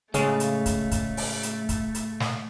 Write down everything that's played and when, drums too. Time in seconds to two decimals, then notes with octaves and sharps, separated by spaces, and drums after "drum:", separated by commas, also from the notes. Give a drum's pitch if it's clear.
0.14 A2 C#3 G#3 A3 C#4 A4 F5, drum: hi-hat
0.40 drum: hi-hat
0.66 drum: kick, hi-hat
0.91 drum: kick, hi-hat
1.17 drum: open hi-hat
1.43 drum: hi-hat
1.69 drum: kick, hi-hat
1.94 drum: hi-hat
2.20 drum: snare